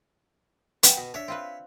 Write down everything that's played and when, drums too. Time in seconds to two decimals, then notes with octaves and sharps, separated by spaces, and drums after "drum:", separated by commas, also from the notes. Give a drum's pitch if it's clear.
0.83 B4 F#5 G5, drum: hi-hat
0.97 B2
1.14 D4 C#5 E5
1.28 C4 F4 B4